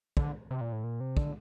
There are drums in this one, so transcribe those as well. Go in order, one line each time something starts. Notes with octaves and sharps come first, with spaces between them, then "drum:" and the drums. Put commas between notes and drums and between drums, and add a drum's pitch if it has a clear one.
D3, drum: kick
C3
A#2
A2
A#2
C3
D3, drum: kick